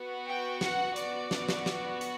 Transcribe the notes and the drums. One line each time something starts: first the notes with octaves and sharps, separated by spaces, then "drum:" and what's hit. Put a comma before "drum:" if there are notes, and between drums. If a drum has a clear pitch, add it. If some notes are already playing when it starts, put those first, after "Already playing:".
Already playing: B3 F#4
G5
F#5, drum: snare
D5, drum: hi-hat
B3 F#4, drum: snare
drum: snare
drum: snare
drum: hi-hat